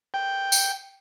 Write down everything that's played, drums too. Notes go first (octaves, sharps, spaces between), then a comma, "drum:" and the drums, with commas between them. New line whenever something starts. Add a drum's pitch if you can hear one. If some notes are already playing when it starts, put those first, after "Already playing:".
G5
drum: tambourine